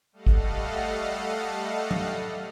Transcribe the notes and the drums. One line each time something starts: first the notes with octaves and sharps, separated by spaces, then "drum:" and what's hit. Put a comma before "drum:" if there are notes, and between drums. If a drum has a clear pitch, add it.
G3 A3 A4 D#5 F5 F#5
drum: kick
drum: tom F#3